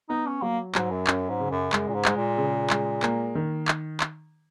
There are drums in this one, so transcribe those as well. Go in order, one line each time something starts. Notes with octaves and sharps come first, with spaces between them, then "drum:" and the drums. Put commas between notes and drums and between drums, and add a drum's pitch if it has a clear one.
B3 D#4
C#4
F#3 A#3
G#2 F#3, drum: clap
F#2
F#2 C#4, drum: clap
G#2
C#3
F#2
F#2 G#3, drum: clap
A#2
G#2
G#3, drum: clap
A#2
C#3
G#3, drum: clap
A#3, drum: clap
D#3
drum: clap
drum: clap